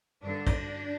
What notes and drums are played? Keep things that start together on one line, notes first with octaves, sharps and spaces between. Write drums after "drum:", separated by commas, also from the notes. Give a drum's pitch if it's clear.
G2 D3 D4
drum: kick, cymbal